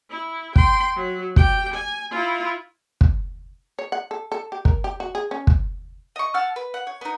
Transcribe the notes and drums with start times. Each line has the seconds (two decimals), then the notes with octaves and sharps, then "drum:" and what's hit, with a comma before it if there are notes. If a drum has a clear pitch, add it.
0.11 E4
0.56 G5 C6, drum: kick
0.96 F#3
1.36 G4 G5, drum: kick
1.74 G#5
2.11 E4 F4
3.01 drum: kick
3.79 C#5
3.92 F#5
4.11 A4
4.32 A4
4.52 G4
4.65 A#4, drum: kick
4.84 G4
5.00 F#4
5.15 G#4
5.31 C#4
5.47 drum: kick
6.16 D#5 C#6
6.34 F#5 A5 E6 F6
6.56 B4
6.74 F#5
6.87 C#5
7.01 B3 D#4